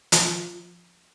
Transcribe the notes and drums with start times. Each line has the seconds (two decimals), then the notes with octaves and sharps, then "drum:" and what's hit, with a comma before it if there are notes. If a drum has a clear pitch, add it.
0.12 F3, drum: hi-hat